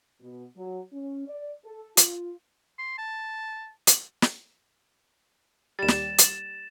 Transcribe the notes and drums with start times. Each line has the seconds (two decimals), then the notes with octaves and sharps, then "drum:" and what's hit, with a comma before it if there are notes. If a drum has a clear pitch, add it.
0.21 B2
0.57 F#3
0.93 C#4
1.27 D5
1.64 A4
1.97 F4, drum: hi-hat
2.79 C6
2.98 A5
3.87 drum: hi-hat
4.22 drum: snare
5.79 D#2 G3 A6 E7
5.88 drum: snare
6.18 drum: hi-hat